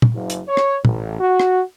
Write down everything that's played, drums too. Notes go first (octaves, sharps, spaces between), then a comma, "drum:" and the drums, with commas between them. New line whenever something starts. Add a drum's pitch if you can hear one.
drum: tom
F#1
drum: hi-hat
C#5
drum: rim click
A1, drum: tom
F#4
drum: rim click